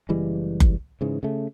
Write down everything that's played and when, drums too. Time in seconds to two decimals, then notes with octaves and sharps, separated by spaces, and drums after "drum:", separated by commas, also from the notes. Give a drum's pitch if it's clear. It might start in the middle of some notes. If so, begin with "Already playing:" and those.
0.09 F#1 E3 G3 G#3
0.60 drum: kick F#1
1.01 G#2 C#3 E3
1.23 C#3 A3